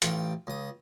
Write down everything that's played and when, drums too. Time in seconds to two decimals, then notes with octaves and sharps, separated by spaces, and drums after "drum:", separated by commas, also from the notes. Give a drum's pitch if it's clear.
0.02 A1 F4 G5, drum: hi-hat
0.47 C#2 D#6